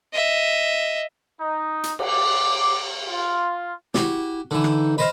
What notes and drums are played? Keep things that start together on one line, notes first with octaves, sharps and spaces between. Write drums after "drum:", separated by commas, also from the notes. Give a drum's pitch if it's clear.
D#5 E5
D#4
drum: hi-hat
D6, drum: cymbal
F4
E4 F#4 G4, drum: snare
D3 E3 D#4
drum: rim click
B4 C5 D#5 F5